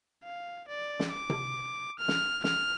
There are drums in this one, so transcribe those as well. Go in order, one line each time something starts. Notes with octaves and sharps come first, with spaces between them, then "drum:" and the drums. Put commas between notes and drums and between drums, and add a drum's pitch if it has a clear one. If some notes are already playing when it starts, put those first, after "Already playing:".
F5
D5
drum: snare
D6
drum: tom C3
F6
drum: snare
F6, drum: snare